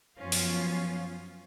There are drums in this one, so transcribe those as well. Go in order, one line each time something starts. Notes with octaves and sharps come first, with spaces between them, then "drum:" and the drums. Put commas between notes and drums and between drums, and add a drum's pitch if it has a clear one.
F#2 F3 B3 C#4 F4 F5
drum: open hi-hat